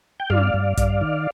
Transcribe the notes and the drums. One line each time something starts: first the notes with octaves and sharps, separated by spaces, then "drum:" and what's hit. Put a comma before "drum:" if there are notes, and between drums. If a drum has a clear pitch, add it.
G5
G2 D5 F5, drum: tom
G2
G2, drum: kick A#1, hi-hat
D#3